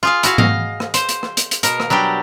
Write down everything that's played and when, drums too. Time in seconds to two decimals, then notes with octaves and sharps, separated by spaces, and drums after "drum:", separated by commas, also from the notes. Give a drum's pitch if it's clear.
0.03 F4 G#4 F5
0.23 E4 F#4 F5, drum: hi-hat
0.38 D#5 F5, drum: tom G#2
0.80 drum: rim click
0.94 C5, drum: hi-hat
1.09 drum: hi-hat
1.23 drum: rim click
1.37 drum: hi-hat
1.51 drum: hi-hat
1.63 B2 A#4, drum: hi-hat
1.80 drum: rim click
1.90 F#3 G3 D4 G4